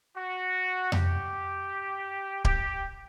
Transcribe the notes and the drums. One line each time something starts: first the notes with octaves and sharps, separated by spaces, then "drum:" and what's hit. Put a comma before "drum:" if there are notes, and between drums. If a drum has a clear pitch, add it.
F#4
G4, drum: tom F2
G4, drum: kick D1